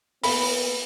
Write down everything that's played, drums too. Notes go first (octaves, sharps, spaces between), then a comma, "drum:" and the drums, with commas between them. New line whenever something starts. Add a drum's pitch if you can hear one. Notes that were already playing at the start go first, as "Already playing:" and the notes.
A#3 B3 B5, drum: open hi-hat